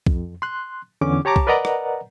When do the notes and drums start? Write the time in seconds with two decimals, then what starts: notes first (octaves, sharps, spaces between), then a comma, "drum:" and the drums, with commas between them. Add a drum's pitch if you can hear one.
0.06 F2, drum: kick B1
0.42 C6 F#6
1.01 E2 D3 C#4 D6
1.25 G4 C#5 A5 A#5 D6
1.36 drum: kick B1
1.47 A#4 B4 D5 D#5 F#5 A#5
1.65 drum: rim click